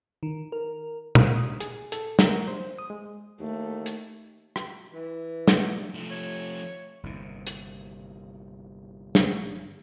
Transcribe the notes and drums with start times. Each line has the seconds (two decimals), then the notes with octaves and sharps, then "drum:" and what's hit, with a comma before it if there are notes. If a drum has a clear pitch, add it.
0.23 D#3
0.52 A#4
1.15 A#3, drum: tom A#2
1.36 D#6
1.60 G#4, drum: hi-hat
1.92 A4, drum: hi-hat
2.19 A#4, drum: snare
2.48 C5
2.79 D#6
2.90 G#3
3.40 D#2 A3
3.86 drum: hi-hat
4.56 drum: rim click
4.93 E3
5.48 drum: snare
5.94 F3 A3
6.11 C#5
7.03 G1 D#2 C3
7.47 drum: hi-hat
9.15 drum: snare